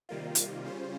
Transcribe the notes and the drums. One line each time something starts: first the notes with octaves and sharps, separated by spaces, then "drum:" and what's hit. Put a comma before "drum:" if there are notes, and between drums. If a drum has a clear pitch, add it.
C3 D#3 G3 A#3 F4
drum: hi-hat
C#3 G3 C#4 F4 C5